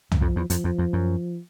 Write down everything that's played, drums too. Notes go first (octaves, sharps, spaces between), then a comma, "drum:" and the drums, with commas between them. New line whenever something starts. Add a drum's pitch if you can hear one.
F#2, drum: tom
F2 F3
E2
F2 F3, drum: hi-hat
F2
F2
F#2